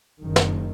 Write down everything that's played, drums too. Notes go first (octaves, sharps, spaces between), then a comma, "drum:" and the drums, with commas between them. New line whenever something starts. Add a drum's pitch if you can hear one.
F#1 F#2 D#3
drum: snare